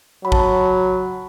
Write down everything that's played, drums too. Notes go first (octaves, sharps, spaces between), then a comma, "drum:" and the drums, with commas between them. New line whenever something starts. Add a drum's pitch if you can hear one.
F#3 B5
A5, drum: kick A1
B5